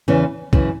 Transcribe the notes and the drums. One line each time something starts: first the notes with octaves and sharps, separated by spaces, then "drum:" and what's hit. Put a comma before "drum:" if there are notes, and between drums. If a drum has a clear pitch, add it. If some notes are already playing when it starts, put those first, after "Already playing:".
E2 C#3 E3 C#4
F#2 C#3 E3, drum: kick